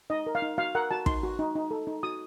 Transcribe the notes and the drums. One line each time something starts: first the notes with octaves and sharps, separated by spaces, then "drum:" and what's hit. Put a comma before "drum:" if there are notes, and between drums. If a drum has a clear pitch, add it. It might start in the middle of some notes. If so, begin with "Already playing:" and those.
D#4 D#5
A#4
F5
D#4
F#4 F5
A#4 F#5
F#4 A5
D#4 C6, drum: kick
F#4
D#4
D#4
A4
D#4
F#4 D#6